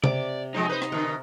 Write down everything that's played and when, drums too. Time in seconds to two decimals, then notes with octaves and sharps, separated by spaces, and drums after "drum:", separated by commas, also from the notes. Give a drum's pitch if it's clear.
0.04 C3 D5 D6, drum: tom C3
0.54 F3 G#3 C4 D#4
0.69 B4 C5
0.82 drum: rim click
0.92 B2 D3 A#4 F#5 A#5